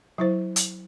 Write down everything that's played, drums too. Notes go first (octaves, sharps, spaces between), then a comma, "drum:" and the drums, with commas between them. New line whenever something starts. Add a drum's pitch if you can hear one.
F#3 E4 C5
drum: hi-hat